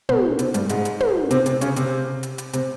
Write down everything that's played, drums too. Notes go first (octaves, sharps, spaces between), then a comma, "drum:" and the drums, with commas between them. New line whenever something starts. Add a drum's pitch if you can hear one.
B2 B3, drum: tom
C3 C4, drum: hi-hat
G2 G3, drum: hi-hat
G#2 G#3, drum: hi-hat
drum: hi-hat
drum: tom
C3 C4, drum: hi-hat
C3 C4, drum: hi-hat
C#3 C#4, drum: hi-hat
C3 C4, drum: hi-hat
drum: hi-hat
drum: hi-hat
C3 C4, drum: hi-hat